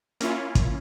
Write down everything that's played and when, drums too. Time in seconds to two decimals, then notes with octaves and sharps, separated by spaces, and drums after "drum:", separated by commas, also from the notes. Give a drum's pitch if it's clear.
0.21 A#3 C#4 E4 F4, drum: hi-hat
0.55 drum: kick, hi-hat